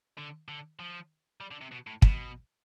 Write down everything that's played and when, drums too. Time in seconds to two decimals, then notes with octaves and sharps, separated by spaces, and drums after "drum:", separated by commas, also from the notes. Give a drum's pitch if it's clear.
0.18 D3
0.48 D3
0.80 F3
1.41 G3
1.51 D3
1.62 C3
1.72 B2
1.87 A2
2.02 B2, drum: kick